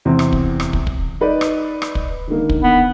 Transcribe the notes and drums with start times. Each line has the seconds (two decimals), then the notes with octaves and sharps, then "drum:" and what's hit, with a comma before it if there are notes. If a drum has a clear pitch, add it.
0.05 E2 C3 C4
0.19 drum: rim click
0.33 drum: kick
0.60 drum: rim click
0.73 drum: kick
0.87 drum: kick
1.21 D#4 B4 D5
1.41 drum: rim click
1.82 drum: rim click
1.95 drum: kick
2.27 D3 D#3 A#3
2.49 drum: kick
2.63 B3